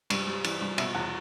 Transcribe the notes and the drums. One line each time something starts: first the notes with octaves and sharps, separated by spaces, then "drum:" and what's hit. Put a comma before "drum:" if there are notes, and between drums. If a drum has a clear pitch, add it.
G2, drum: cymbal
G3
E3, drum: cymbal
G2
B2 E5, drum: cymbal
E2 F#5